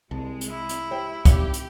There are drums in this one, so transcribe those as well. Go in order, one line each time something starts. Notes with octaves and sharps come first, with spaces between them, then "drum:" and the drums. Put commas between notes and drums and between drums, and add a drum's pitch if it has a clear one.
C2 G#3 A5
drum: hi-hat
E4
drum: hi-hat
G4 C5 G5
G#1 G4 F5 C#7, drum: kick, hi-hat
drum: hi-hat